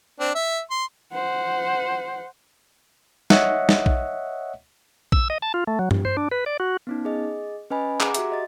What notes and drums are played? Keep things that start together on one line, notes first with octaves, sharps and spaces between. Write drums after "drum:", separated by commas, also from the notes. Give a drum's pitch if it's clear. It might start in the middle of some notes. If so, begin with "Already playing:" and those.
C4 D4
E5
C6
C5 F#5
C#5 D#5 E5 F#5, drum: snare
drum: snare
drum: kick A#1
E6, drum: kick A#1
D#5
A5
F4
A3
F#3
G2, drum: tom G2
C5
D4
B4
D5
F#4
B3 C#4 D#4
G#4 D#5
C#4 B4 D#5 G#5 B5
G#4 F#5 A#5 D6, drum: clap
F#4 G4 E5, drum: hi-hat
D#5 A6